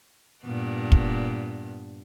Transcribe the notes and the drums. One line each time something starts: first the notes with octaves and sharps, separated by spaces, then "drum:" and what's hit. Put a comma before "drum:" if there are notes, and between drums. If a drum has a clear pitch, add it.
G2 A#2 B3
drum: kick